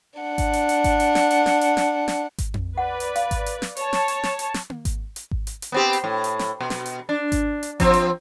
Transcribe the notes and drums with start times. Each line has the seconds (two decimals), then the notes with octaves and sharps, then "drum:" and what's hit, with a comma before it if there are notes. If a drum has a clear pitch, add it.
0.19 D4 F#5
0.38 drum: kick G#1, hi-hat
0.53 drum: hi-hat
0.69 drum: hi-hat
0.84 drum: kick G#1, hi-hat
1.00 drum: hi-hat
1.15 drum: snare
1.31 drum: hi-hat
1.46 drum: snare
1.61 drum: hi-hat
1.77 drum: snare
2.08 drum: snare
2.38 drum: kick G#1, hi-hat
2.54 drum: tom F2
2.78 B4 D5 F#5
3.00 drum: hi-hat
3.16 F5, drum: hi-hat
3.31 drum: kick G#1, hi-hat
3.46 drum: hi-hat
3.62 drum: snare
3.77 C#5 A5, drum: hi-hat
3.93 drum: snare
4.08 drum: hi-hat
4.23 drum: snare
4.39 drum: hi-hat
4.54 drum: snare
4.70 drum: tom A#3
4.85 drum: kick G#1, hi-hat
5.16 drum: hi-hat
5.31 drum: kick G#1
5.47 drum: hi-hat
5.62 drum: hi-hat
5.72 B3 C4 G4
5.93 drum: hi-hat
6.04 A2
6.24 drum: hi-hat
6.39 drum: snare
6.60 B2
6.70 drum: snare
6.86 drum: hi-hat
7.09 D4
7.32 drum: kick G#1, hi-hat
7.63 drum: hi-hat
7.80 F3 C4, drum: kick G#1, hi-hat
7.94 drum: hi-hat